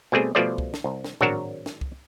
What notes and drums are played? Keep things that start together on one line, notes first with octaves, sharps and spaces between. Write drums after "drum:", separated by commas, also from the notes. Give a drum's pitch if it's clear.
B2 G3 A3 C4 G#4
B2 F3 G3 A3 C5 D5
drum: kick C2
drum: snare
C2
drum: snare
G#1 F#3 D4 F#4 A#4 A5, drum: tom A2
drum: snare
drum: kick C2